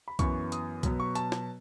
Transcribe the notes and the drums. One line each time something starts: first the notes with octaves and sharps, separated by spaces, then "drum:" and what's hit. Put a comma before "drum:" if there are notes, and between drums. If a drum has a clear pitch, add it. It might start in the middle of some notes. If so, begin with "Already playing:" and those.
B5
F#2 E3 B3 C#6, drum: kick B1, hi-hat
D#6, drum: hi-hat
B2 F#3 B3, drum: kick B1, hi-hat
C#6
A5, drum: hi-hat
drum: snare